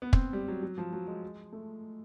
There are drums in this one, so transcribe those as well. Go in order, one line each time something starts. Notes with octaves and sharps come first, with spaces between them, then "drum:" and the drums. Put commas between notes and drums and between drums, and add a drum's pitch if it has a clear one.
B3
C4, drum: kick
G3
F#3
F#3
F3
F#3
G#3
A3